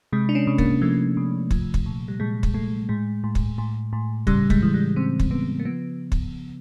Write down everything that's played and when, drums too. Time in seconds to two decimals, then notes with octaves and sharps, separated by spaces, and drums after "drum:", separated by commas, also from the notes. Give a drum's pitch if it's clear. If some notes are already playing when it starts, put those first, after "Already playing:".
0.13 C3 G#3
0.29 D4
0.35 C#4
0.47 C3
0.58 A#3, drum: kick
0.82 F3 A3
1.17 C3
1.51 F3, drum: kick
1.74 drum: kick
1.86 A#2
2.08 G3
2.20 A#2 G#3
2.43 drum: kick
2.54 A#2 A3
2.89 A2 G#3
3.24 A2
3.35 drum: kick
3.58 A2
3.93 A2
4.27 C#3 G3, drum: kick
4.50 G#3, drum: kick
4.62 E3
4.74 G3
4.96 C#3 C4
5.20 drum: kick
5.31 C#3 B3
5.60 A#3
5.65 F3 B3
6.12 drum: kick